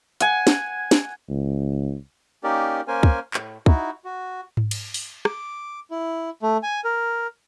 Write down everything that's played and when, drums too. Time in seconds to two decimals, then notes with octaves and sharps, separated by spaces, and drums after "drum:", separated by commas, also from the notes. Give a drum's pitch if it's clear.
0.20 F#5 G#5, drum: hi-hat
0.47 drum: snare
0.91 drum: snare
1.29 C#2
2.44 A#3 C#4 D#4 G4 A#4 D5
2.88 A#3 C#4 A#4 C5 G#5
3.03 drum: kick
3.34 A2, drum: clap
3.66 D#4 E4 F#4, drum: kick
4.05 F#4
4.57 drum: tom G#2
4.71 drum: cymbal
4.94 drum: open hi-hat
5.25 D6, drum: rim click
5.91 E4
6.42 A3
6.63 G#5
6.84 A#4